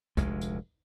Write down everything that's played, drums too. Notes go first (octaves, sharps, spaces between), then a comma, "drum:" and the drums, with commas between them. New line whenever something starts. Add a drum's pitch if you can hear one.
F1 D2 G#3, drum: kick B1, hi-hat
drum: hi-hat